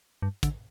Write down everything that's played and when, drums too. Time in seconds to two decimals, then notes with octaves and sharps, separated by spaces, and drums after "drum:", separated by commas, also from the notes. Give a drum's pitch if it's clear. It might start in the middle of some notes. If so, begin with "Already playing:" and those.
0.22 G2
0.43 D3, drum: kick, hi-hat